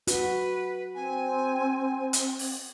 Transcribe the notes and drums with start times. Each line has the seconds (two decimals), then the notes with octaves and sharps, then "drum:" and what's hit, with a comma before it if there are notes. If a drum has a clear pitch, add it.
0.07 F#4 B4, drum: hi-hat
0.95 C4 G#5
2.13 drum: hi-hat
2.39 drum: open hi-hat